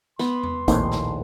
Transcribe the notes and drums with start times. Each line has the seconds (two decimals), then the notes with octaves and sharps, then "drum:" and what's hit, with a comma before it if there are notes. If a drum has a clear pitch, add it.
0.19 B3 C6, drum: snare
0.43 drum: tom E2
0.68 A#1 D#2 A2 A#3 C4 D#4, drum: kick G#1, hi-hat
0.92 drum: snare